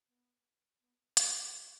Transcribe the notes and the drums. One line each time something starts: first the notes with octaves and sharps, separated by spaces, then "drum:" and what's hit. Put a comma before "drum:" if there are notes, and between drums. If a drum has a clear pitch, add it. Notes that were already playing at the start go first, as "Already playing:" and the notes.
B3
B3
C#4, drum: hi-hat
F#4
G4